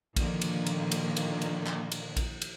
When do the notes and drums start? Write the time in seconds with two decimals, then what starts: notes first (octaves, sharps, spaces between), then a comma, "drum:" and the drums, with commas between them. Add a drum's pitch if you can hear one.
0.16 A#2 D3 D#3 F3 A#3, drum: kick A#1, cymbal
0.41 drum: cymbal
0.66 drum: cymbal
0.92 drum: cymbal
1.17 drum: cymbal
1.42 drum: cymbal
1.67 drum: clap
1.92 drum: cymbal
2.17 drum: kick A#1, cymbal
2.42 drum: cymbal